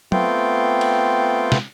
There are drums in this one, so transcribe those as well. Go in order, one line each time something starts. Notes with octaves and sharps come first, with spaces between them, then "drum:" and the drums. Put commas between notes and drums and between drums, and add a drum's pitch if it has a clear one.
A3 B3 C4 F4 G5, drum: tom
drum: cymbal
drum: snare